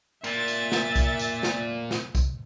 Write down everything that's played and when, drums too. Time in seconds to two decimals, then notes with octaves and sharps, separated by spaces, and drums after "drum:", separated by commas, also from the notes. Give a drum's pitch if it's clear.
0.24 A#2 E5 A6, drum: tambourine
0.48 drum: tambourine
0.72 drum: snare
0.96 drum: kick, tambourine
1.19 drum: tambourine
1.43 drum: snare
1.91 drum: snare
2.15 drum: kick, tambourine